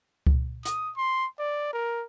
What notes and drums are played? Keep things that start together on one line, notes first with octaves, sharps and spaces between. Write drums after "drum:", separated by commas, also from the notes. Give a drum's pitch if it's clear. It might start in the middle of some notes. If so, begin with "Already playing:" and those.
drum: kick C#2
D#6, drum: hi-hat
C6
D5
A#4